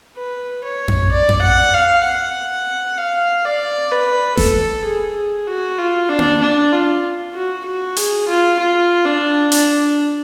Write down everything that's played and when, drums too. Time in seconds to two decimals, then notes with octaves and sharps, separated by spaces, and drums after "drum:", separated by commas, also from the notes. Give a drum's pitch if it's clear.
0.17 B4
0.64 C#5
0.88 drum: tom F2
1.11 D5
1.29 drum: tom F2
1.42 F#5
1.74 F5
2.04 F#5
2.97 F5
3.44 D5
3.91 B4
4.37 A4, drum: snare E1
4.84 G#4
5.15 G#4
5.47 F#4
5.78 F4
6.09 D4
6.19 drum: tom A#3
6.41 D4
6.72 F4
7.34 F#4
7.65 F#4
7.96 G#4, drum: hi-hat
8.28 F4
8.59 F4
9.05 D4
9.52 D4, drum: hi-hat